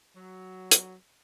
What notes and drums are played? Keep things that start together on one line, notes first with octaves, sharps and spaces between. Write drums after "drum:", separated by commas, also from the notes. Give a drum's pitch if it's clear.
F#3
drum: hi-hat